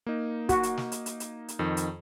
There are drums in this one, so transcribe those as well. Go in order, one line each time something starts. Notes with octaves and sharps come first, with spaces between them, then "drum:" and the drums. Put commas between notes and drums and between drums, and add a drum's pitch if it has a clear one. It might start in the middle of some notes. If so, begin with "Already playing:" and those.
A#3 D#4
F#4, drum: kick, hi-hat
drum: hi-hat
drum: snare
drum: hi-hat
drum: hi-hat
drum: hi-hat
drum: hi-hat
F2 D#3
drum: hi-hat